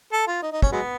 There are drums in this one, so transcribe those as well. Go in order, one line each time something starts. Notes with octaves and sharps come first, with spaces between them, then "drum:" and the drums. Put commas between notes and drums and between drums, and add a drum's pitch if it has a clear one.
A4
F4
D#4
D#4
C#4, drum: kick
F#3 G#3 B3